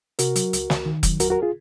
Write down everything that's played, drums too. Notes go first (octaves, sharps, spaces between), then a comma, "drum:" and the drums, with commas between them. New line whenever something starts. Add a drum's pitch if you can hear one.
C3 F#4 A#4, drum: hi-hat
F#3, drum: hi-hat
C#2, drum: hi-hat
C#2, drum: snare
D#3
F#3, drum: kick F1, hi-hat
D#2 F#4 A#4, drum: hi-hat
F#4 A#4
F4 G#4